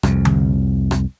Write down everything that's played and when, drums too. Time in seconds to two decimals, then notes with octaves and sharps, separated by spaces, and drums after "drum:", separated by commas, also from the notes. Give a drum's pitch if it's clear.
0.03 C2 F2, drum: rim click
0.25 drum: tom D3
0.91 drum: rim click